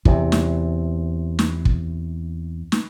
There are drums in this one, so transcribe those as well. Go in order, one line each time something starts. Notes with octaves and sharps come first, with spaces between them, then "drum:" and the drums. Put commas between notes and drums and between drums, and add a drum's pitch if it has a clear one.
E2 C3, drum: kick
drum: snare
drum: snare
drum: kick
drum: snare